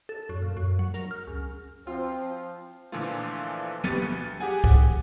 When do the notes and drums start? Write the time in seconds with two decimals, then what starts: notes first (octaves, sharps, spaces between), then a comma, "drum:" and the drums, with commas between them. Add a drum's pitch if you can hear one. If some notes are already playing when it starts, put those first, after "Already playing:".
0.09 A4
0.29 F#2
0.42 A#2
0.57 F#2
0.79 F#3
0.94 A#4, drum: hi-hat
1.11 F6
1.27 C#2
1.87 F3 C4 F4
2.92 A#2 D3 E3 F3 A3 F4
3.84 B2 G4 B4 A6 C#7 D#7, drum: tom
4.02 D2
4.40 G4 G#4 F#5 G#5
4.64 drum: kick C2